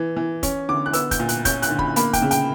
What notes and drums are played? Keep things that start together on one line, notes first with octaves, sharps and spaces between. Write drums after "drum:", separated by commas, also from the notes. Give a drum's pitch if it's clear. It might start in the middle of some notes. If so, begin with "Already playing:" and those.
Already playing: E3
E3
C#4, drum: kick, hi-hat
D3 D6
F#6
B3 E6, drum: hi-hat
G6, drum: kick, hi-hat
A#2
F#6, drum: hi-hat
C#4 G6, drum: kick, hi-hat
F#6, drum: hi-hat
D3
B5, drum: kick
A#3 B5, drum: hi-hat
G5, drum: kick, hi-hat
C#3
G5, drum: hi-hat